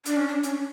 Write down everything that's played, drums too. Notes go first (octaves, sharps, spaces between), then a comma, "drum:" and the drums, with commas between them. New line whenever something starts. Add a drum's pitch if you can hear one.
D4, drum: hi-hat
C#4
D4
C#4, drum: hi-hat